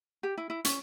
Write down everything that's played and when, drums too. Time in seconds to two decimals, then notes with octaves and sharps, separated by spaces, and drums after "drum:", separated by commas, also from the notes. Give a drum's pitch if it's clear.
0.23 G4
0.37 E4
0.50 E4
0.65 C#4, drum: hi-hat